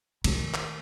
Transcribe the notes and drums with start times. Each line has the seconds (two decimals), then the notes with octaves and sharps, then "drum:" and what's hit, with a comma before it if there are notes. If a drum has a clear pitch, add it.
0.24 D#3 A3, drum: cymbal
0.54 drum: clap